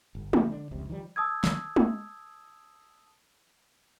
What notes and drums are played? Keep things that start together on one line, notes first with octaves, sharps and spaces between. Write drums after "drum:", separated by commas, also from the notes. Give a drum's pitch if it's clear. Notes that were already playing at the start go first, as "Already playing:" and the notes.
G1
D3 F3 G3 G#3, drum: tom
D3 D4
F1 C#2 C3
D#3 F3 G3
A5 D#6 E6 G#6
drum: snare
drum: tom